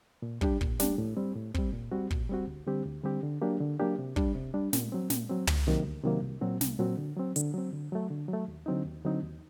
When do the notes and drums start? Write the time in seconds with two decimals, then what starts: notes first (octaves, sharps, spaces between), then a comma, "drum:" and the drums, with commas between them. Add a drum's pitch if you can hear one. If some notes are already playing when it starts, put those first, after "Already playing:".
0.22 A#2
0.41 G3 D4 G4, drum: kick
0.61 A#2, drum: kick
0.80 G3 D4 G4, drum: snare
0.98 A2
1.17 G3 C4
1.35 A2
1.54 G3 C4, drum: kick
1.73 A#2
1.92 G3 C4 F#4
2.11 A#2, drum: kick
2.29 G3 C4 F#4
2.47 D2
2.67 D3 G3 C4 G4
2.85 D2
3.04 D3 G3 C4 G4
3.23 D3
3.42 F#3 A#3 D4 G4
3.61 D3
3.79 F#3 A#3 D4 G4
3.99 C3
4.16 G3 D4, drum: kick
4.35 C3
4.54 G3 D4
4.73 A#2, drum: snare
4.92 F#3 C4
5.10 A#2, drum: snare
5.30 F#3 C4
5.47 D2, drum: tom
5.67 C3 D#3 F#3 A#3
5.85 D2
6.04 C3 D#3 F#3 A#3
6.22 C2
6.41 A#2 F#3 C4 F#4
6.61 C2, drum: snare
6.79 A#2 F#3 C4 F#4
6.97 D3
7.17 F#3 C4
7.36 D3, drum: hi-hat
7.53 F#3 C4
7.73 D3
7.92 F#3 A3
8.10 D3
8.29 F#3 A3
8.48 D#2
8.66 D3 F#3 C4 D#4
8.86 D#2
9.04 D3 F#3 C4 D#4
9.23 D#2